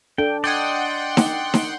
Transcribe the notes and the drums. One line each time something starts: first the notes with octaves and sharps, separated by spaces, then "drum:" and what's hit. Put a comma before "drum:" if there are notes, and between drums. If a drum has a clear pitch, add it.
D4 A4 G5
D5 D#5 F#5 G5 C6 G6 G#6
drum: snare D#4
drum: snare D#4